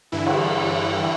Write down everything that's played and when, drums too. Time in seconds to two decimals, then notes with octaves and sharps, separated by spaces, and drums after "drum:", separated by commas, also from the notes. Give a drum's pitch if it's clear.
0.12 G2 D3 E3 E4
0.26 drum: cymbal